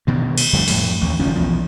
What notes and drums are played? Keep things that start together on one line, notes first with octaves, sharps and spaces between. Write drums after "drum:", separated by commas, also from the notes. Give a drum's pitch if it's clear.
G2 B2 D#3
drum: cymbal
F2 A2 D3 G3
F2 A2, drum: open hi-hat
A1 D#2
F#1 D#3 F3 C#4
B1 E2 F3